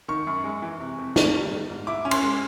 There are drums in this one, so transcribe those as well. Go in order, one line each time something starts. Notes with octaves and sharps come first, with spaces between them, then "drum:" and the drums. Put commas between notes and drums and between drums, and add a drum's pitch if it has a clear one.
D#3 C#6
F#2
G#3
E3
C3
F2
B3, drum: snare
G3
D#3
G#2
E4 D6
C#4
C6, drum: cymbal
G#3